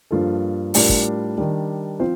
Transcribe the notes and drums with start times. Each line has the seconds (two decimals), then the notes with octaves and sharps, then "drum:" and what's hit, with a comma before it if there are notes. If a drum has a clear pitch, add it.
0.11 G2 F3 A#3 F4 A4
0.74 A2 G3 D4 F4 A#4, drum: open hi-hat
0.89 drum: kick
1.37 D#3 G3 D4
1.99 F3 C4 F4 C5